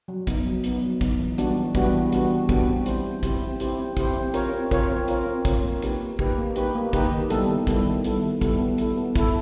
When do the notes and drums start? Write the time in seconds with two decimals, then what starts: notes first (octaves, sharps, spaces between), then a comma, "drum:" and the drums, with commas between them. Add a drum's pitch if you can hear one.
0.08 F#3
0.27 B3 D#4, drum: kick, hi-hat
0.45 F#3
0.64 B3 D#4, drum: hi-hat
0.82 F#3
1.01 B3 D#4, drum: kick, hi-hat
1.19 E3
1.38 G3 B3 D4 F#4, drum: hi-hat
1.56 E3
1.75 G3 B3 D4 F#4, drum: kick, hi-hat
1.93 E3
2.12 G3 B3 D4 F#4, drum: hi-hat
2.30 E3
2.49 G3 B3 D4 F#4, drum: kick, hi-hat
2.68 C4
2.86 E4 G4 C5, drum: hi-hat
3.05 C4
3.23 E4 G4 C5, drum: kick, hi-hat
3.42 C4
3.60 E4 G4 C5, drum: hi-hat
3.78 C4
3.97 E4 G4 C5, drum: kick, hi-hat
4.15 C4
4.34 F4 A#4 C#5, drum: hi-hat
4.53 C4
4.71 F4 A#4 C#5, drum: kick, hi-hat
4.90 C4
5.08 F4 A#4 C#5, drum: hi-hat
5.27 C4
5.45 F4 A#4 C#5, drum: kick, hi-hat
5.63 A#3
5.82 D#4 G4 B4, drum: hi-hat
6.01 A#3
6.19 D#4 G4 B4, drum: kick
6.38 A#3
6.56 D#4 G4 B4, drum: hi-hat
6.75 A#3
6.93 D#4 G4 B4, drum: kick, hi-hat
7.11 D#3
7.30 G3 B3 E4 A4, drum: hi-hat
7.49 D#3
7.67 G3 B3 E4 A4, drum: kick, hi-hat
7.86 D#3
8.04 G3 B3 E4 A4, drum: hi-hat
8.23 D#3
8.41 G3 B3 E4 A4, drum: kick, hi-hat
8.60 B3
8.78 E4 A4, drum: hi-hat
8.97 B3
9.16 E4 A4, drum: kick, hi-hat